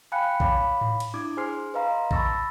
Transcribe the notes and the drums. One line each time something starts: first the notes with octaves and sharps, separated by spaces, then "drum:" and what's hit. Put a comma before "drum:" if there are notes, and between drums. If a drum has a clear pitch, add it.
F5 G5 G#5 B5 F#6 C#7
C#5 F5 B5 D6, drum: kick A#1
drum: tom G#2
drum: cymbal
D4 E4 D6 G#6
G#4 C5 G#5 C6 F6 C7
B4 D#5 F5 A#5 C6
A5 B5 C#6 E6 A6 A#6, drum: kick A#1